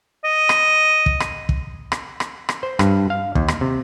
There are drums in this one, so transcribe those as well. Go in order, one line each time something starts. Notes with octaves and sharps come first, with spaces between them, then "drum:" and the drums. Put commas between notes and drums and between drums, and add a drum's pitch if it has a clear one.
D#5
drum: rim click
drum: kick
drum: rim click
drum: kick
drum: rim click
drum: rim click
drum: rim click
C5
G2, drum: rim click
F5
D#2, drum: kick
drum: rim click
C3